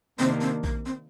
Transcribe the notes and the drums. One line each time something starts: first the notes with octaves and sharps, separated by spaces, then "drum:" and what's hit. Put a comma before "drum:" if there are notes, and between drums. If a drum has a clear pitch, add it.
C3 D#3 A#3 C4 D4
C4
A#3, drum: kick A#1
C4